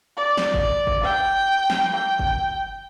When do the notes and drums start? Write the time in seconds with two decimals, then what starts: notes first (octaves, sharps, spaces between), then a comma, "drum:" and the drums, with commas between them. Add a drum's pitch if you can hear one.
0.17 D5
0.37 drum: snare
0.54 drum: kick F#1
0.87 drum: kick F#1
1.04 G5
1.70 drum: snare
1.94 G5
2.19 drum: kick F#1